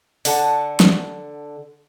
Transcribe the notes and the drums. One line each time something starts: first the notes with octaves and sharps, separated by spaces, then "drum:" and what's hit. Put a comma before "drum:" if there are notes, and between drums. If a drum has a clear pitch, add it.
D3 F#5 A5, drum: open hi-hat
drum: snare